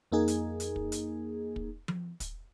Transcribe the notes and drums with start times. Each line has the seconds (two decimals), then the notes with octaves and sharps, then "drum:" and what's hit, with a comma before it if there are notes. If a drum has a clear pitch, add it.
0.12 F2 A#3 D#4 G#4
0.28 drum: hi-hat
0.60 drum: hi-hat
0.76 drum: kick
0.92 drum: hi-hat
1.56 drum: kick
1.88 drum: tom F3
2.20 drum: kick, hi-hat